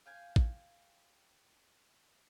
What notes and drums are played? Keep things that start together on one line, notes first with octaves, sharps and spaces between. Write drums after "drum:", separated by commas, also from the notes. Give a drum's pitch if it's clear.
F5 G5 G#5
drum: kick A1